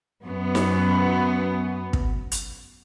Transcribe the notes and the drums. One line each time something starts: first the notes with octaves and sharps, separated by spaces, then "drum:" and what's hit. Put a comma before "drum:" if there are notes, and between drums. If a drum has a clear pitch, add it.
F#2 B3
drum: snare D#4
drum: kick
drum: hi-hat